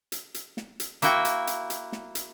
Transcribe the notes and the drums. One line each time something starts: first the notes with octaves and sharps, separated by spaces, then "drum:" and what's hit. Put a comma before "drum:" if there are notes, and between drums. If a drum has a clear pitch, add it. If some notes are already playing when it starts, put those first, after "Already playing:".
drum: hi-hat
drum: hi-hat
drum: snare
drum: hi-hat
A#3 E4 F#4 G5, drum: hi-hat
drum: hi-hat
drum: hi-hat
drum: hi-hat
drum: snare
drum: hi-hat